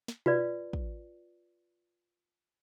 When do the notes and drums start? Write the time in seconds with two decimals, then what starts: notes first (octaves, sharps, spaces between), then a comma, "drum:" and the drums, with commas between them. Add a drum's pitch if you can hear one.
0.08 drum: snare
0.26 F4 B4 D5, drum: tom B2
0.73 drum: kick